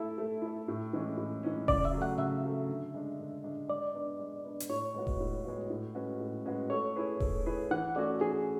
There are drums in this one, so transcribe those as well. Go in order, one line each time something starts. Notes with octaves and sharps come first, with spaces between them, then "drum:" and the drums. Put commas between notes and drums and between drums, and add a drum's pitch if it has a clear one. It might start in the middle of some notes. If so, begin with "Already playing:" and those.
Already playing: A3 E4 A4 E5
A3
E4 A4
A2
E3 G#3 C#4
A2
E3 G#3 C#4
C#3 D5, drum: kick E1
E5
F#3
A3 F#5
C#3 E5
F#3 A3
D3
G#3 D4
D3
G#3 D4
G#3 D5
B3 D4
G#3
B3 D4
drum: hi-hat
A2 C#5
G#3 B3 F#4
drum: kick E1
A2
G#3 B3 F#4
A2
G#3 C#4 F#4 B4
A2
G#3 C#4 F#4 B4
A3 C#5
E4 G#4 B4
A3, drum: kick E1
E4 G#4 B4
E3 F#5
A3 C#4 F#4 D5
E3 G#4